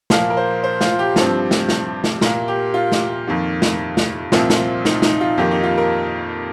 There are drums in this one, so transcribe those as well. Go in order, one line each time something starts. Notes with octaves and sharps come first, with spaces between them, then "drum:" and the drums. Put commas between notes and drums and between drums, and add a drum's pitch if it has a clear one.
A#2 F3 A#3 F5, drum: snare
A#4
C5
C5
F4, drum: snare
G4
G2 F3 C4, drum: snare
drum: snare
drum: snare
drum: snare
A#2 A#3 A#4, drum: snare
G4
F4
drum: snare
F2 D#3 A#3
drum: snare
drum: snare
C2 A#2 F3 C4 F4, drum: snare
drum: snare
D#4, drum: snare
D#4, drum: snare
F4
F2 D#3 A#3 G4
D#4
F4
A#4